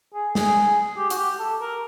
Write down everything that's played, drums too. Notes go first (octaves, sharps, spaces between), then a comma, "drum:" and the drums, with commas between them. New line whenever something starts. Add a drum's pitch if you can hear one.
G#4
G#4, drum: snare
G4
F#4, drum: hi-hat
G4
A4
A#4